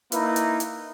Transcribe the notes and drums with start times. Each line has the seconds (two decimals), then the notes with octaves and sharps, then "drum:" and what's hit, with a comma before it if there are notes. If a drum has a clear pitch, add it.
0.12 A#3 D#4 E4 B4, drum: hi-hat
0.36 drum: hi-hat
0.60 drum: hi-hat